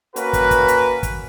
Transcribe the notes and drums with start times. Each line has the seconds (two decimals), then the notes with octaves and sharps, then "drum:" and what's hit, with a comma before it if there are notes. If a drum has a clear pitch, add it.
0.16 A#3 C#4 F#4 A#4 B4, drum: hi-hat
0.33 drum: kick, hi-hat
0.51 drum: kick, hi-hat
0.68 drum: hi-hat
1.03 drum: kick, hi-hat